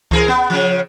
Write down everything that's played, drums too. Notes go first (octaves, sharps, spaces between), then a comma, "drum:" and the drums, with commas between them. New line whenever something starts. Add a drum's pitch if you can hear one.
E3 G#4 A#4, drum: kick C#2
B3
C#3 F3